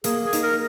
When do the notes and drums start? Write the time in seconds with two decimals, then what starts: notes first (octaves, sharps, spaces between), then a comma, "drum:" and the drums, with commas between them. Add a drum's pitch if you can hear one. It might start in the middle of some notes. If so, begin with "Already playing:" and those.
0.04 A#3 G#4, drum: hi-hat
0.24 G#4
0.33 D#4, drum: hi-hat
0.42 A#4